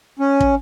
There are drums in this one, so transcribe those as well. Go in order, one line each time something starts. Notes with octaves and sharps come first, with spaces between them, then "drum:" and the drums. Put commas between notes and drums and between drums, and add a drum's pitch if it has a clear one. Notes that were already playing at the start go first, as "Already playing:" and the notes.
C#4
drum: kick